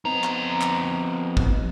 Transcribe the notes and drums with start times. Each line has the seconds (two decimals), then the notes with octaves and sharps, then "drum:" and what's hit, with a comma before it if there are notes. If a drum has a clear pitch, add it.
0.05 F2 B3 C4 D#4 A#5
0.24 drum: clap
0.61 drum: clap
1.37 drum: kick